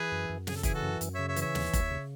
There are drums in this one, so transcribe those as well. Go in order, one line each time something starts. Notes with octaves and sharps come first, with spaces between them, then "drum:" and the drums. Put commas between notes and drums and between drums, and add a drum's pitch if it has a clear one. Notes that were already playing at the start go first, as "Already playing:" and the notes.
Already playing: E3 G#4 B4
F#2
F#2
C#3 G#4, drum: snare
A4
E3 E4 G#4, drum: kick F1, hi-hat
F#4 A4
F#2
F#2, drum: hi-hat
C#3 C#5 E5
C#5 E5
E3, drum: hi-hat
C#5 E5
D#2, drum: snare
D#2, drum: kick F1, hi-hat
C#3